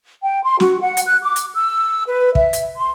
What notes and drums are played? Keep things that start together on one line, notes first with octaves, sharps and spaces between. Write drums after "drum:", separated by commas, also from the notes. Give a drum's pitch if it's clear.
G5
C6
F#4, drum: snare
F#5
drum: hi-hat
F#6
D6
drum: hi-hat
E6
B4
E5, drum: kick
drum: hi-hat
C6